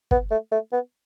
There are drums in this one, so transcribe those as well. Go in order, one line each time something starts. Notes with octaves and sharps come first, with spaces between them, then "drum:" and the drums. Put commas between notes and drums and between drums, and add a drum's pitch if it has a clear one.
B3, drum: kick
A3
A3
B3